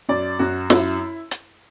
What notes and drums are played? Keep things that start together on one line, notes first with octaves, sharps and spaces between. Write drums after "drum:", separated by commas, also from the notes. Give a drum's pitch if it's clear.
F#2 D5
F#2 F#4
F#2 E4, drum: snare
drum: hi-hat